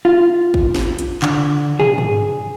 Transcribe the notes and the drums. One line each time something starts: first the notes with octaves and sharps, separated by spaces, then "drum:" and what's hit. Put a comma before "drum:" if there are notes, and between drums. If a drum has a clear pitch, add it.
F4
drum: kick
drum: snare
drum: hi-hat
D3, drum: clap
G#4, drum: tom
drum: tom